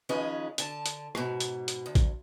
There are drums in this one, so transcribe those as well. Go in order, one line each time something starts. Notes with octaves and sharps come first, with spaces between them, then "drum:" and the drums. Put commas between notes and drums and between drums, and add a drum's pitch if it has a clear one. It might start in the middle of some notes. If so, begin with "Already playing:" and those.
D#3 F3 C#4 G#4 B4 D#5
D3 A5, drum: hi-hat
drum: hi-hat
G#2 B2, drum: rim click
drum: hi-hat
drum: hi-hat
D2
drum: kick A1, hi-hat